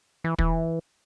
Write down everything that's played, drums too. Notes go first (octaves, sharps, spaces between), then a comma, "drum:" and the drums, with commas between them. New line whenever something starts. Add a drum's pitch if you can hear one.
E3
E3, drum: kick